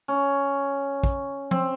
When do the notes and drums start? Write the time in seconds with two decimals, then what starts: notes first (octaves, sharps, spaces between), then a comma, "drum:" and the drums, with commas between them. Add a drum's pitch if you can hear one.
0.08 C#4
1.04 drum: kick
1.51 C4, drum: tom F3